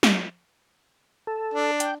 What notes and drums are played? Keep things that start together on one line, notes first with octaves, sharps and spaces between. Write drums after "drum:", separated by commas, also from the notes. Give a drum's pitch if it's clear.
drum: snare
A4
D4
G5, drum: hi-hat